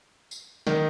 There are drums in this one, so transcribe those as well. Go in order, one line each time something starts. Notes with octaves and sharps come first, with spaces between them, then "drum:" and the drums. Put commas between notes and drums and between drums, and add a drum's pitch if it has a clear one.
drum: tambourine
D#3, drum: snare